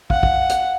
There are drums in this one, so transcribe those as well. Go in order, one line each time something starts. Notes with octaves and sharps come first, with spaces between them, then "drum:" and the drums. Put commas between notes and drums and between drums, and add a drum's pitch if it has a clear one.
F5 F#5, drum: kick
drum: kick
drum: hi-hat